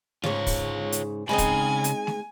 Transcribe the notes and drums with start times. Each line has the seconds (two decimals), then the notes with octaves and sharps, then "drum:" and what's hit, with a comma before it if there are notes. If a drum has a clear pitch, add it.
0.24 G#2 C#3 F4 C#5, drum: snare A3
0.47 drum: kick, open hi-hat
0.92 drum: hi-hat
1.29 C#3 G#3 C4 D#4 G#5 B5
1.38 drum: kick, hi-hat
1.84 drum: hi-hat
2.07 drum: snare A3